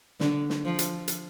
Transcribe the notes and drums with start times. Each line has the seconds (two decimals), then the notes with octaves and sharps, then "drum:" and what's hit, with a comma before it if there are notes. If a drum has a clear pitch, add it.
0.20 D3, drum: snare
0.50 drum: snare
0.65 F3
0.79 drum: hi-hat
1.08 drum: hi-hat